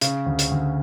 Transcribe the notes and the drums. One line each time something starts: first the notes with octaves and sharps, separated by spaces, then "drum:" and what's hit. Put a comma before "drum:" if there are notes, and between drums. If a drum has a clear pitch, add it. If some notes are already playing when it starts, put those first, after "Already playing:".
C#3, drum: hi-hat
D2
drum: hi-hat
D2